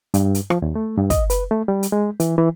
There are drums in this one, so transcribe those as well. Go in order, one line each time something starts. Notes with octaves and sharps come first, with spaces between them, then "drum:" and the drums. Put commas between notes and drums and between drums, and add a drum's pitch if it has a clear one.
G2, drum: hi-hat
drum: hi-hat
F3, drum: rim click
D#2
A3
G2
D#5, drum: kick, hi-hat
B4, drum: hi-hat
A3
G3
drum: hi-hat
G#3
E3, drum: hi-hat
E3